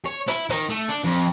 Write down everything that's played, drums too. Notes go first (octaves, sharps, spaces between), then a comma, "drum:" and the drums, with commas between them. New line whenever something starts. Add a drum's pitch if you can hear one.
C#5
E4, drum: hi-hat
D#3, drum: hi-hat
A3
D4
F2